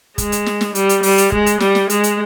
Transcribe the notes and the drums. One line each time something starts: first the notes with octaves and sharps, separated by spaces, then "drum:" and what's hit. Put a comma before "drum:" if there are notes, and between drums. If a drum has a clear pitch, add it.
G#3, drum: kick, hi-hat
drum: hi-hat
drum: snare
drum: snare
G3, drum: hi-hat
drum: hi-hat
G3, drum: open hi-hat
drum: hi-hat
G#3, drum: kick
drum: hi-hat
G3, drum: snare
drum: snare
G#3, drum: hi-hat
drum: hi-hat